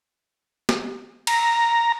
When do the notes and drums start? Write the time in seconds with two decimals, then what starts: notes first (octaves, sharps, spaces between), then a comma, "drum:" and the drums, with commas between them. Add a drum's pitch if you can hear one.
0.69 drum: snare
1.27 A#5, drum: cymbal